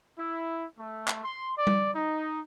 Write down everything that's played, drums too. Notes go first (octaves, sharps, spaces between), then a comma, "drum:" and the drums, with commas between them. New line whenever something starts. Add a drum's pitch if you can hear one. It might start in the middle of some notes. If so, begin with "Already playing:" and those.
E4
A3
drum: clap
C6
D5
drum: tom G3
D#4